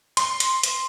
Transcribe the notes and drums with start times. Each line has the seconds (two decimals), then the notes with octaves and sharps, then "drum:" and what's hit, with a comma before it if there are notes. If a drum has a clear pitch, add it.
0.17 C6, drum: hi-hat
0.40 drum: hi-hat
0.63 drum: hi-hat